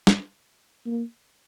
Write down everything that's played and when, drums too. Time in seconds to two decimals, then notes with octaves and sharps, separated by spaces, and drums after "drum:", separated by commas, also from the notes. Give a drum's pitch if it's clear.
0.07 drum: snare
0.86 A#3